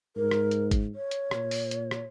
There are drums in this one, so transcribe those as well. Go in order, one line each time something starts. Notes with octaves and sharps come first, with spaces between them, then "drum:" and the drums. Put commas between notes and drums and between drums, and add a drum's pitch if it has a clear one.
G#2 A#4
drum: rim click
drum: hi-hat
drum: kick, hi-hat
C#5
drum: hi-hat
A#2, drum: rim click
drum: open hi-hat
drum: hi-hat
drum: rim click